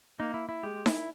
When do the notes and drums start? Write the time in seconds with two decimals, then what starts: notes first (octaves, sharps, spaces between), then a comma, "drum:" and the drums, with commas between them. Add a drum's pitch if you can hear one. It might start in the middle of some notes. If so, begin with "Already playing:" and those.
0.19 A#3 D#4
0.34 E4
0.49 E4
0.63 G#3 G4
0.86 E4, drum: snare D#4